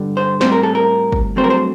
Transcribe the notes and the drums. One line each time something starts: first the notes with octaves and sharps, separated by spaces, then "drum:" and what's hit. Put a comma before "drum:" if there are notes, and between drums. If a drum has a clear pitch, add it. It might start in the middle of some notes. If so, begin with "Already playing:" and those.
Already playing: G2 D3 G3
C5
A2 G3 C4 C5, drum: snare
A#4
A4
A#4
drum: kick
G2 F#3 A3 C4 C5
A#4
C5